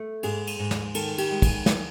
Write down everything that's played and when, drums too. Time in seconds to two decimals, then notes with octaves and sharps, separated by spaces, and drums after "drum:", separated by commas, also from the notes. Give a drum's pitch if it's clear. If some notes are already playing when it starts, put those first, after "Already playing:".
Already playing: A3
0.23 G#2 G#4, drum: cymbal
0.47 drum: cymbal
0.59 G#2
0.71 drum: snare
0.95 D#3 A4, drum: cymbal
1.18 G4, drum: cymbal
1.31 G#3
1.42 drum: kick, cymbal
1.66 drum: snare